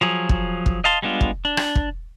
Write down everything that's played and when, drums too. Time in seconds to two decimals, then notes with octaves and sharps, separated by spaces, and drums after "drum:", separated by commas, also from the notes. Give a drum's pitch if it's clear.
0.01 F3 F#3 G#4
0.29 drum: kick
0.66 drum: kick
0.84 D#5 F5 A5 C6
1.02 G3 G#3 B3 D4 F4
1.21 drum: kick
1.45 D4
1.57 drum: rim click
1.75 drum: kick